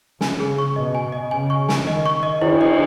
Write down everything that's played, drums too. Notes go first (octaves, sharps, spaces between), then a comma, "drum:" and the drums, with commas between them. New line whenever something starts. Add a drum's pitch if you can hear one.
C#3 G#5, drum: snare
G#4
C#6
B2 D#5
G#5
D#5
C#3 G#5
C#6
G#5, drum: snare
D#3 D#5
C#6
D#5
D#3 E4, drum: cymbal
D#5